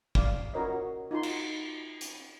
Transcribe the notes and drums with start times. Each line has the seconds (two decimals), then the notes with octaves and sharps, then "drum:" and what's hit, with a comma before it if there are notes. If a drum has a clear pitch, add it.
0.15 D5 F5, drum: kick
0.54 C#4 F4 F#4 A#4 C#5 D#5
1.11 D#4 F4 F#4 C6
1.23 drum: cymbal
2.01 drum: hi-hat